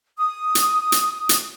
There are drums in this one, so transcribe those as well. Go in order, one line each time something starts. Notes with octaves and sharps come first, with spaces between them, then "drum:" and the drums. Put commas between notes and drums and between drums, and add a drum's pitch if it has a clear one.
D#6
drum: hi-hat
drum: hi-hat
drum: hi-hat